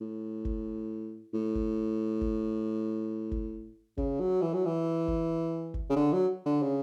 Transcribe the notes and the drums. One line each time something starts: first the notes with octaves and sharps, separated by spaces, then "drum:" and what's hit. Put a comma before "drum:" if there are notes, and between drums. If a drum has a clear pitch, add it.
A2
drum: kick G1
A2
drum: kick G1
drum: kick G1
drum: kick G1
C#3, drum: kick G1
F#3
E3
F#3
E3
drum: kick G1
drum: kick G1
C#3
D3
F#3
D3
C#3